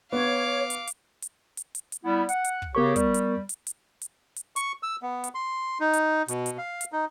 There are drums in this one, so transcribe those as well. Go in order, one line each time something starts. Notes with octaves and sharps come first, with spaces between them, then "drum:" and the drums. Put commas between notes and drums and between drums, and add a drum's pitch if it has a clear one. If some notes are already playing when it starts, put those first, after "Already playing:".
B3 C#5 F5 D6
drum: hi-hat
drum: hi-hat
drum: hi-hat
drum: hi-hat
drum: hi-hat
drum: hi-hat
G3 B3 E4
F#5, drum: hi-hat
drum: hi-hat
drum: kick
C#3 B3 G4 A#4 C#5 C#6
G3, drum: kick, hi-hat
drum: hi-hat
drum: hi-hat
drum: hi-hat
drum: hi-hat
drum: hi-hat
C#6, drum: hi-hat
E6
B3
drum: hi-hat
C6
D#4
drum: hi-hat
B2, drum: hi-hat
drum: hi-hat
F5
drum: hi-hat
D#4